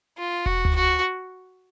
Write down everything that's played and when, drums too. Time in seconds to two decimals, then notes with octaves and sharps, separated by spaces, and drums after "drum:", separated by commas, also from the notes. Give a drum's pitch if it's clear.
0.18 F4
0.46 F#4, drum: kick E1
0.65 drum: tom D2
0.75 F#4